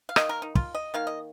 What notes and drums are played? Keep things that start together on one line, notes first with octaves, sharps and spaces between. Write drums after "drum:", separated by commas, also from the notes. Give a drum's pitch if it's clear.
F5
D#3 A#3 D#5, drum: rim click
A#4
D#4
F4, drum: kick
D#5
D#3 A#3 F5
D#5